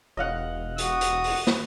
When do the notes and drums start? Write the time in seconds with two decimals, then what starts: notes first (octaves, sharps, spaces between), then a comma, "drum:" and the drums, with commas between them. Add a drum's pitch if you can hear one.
0.17 E1 D#5 F5 F#5
0.78 F#4 D#6, drum: hi-hat
1.01 drum: hi-hat
1.24 drum: open hi-hat
1.47 drum: snare